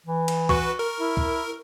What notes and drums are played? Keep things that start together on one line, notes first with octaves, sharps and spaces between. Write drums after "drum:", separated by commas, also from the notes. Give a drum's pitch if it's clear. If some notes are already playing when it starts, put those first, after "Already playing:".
E3
drum: cymbal
F#4 B4 C#6, drum: kick
A#4
E4
drum: kick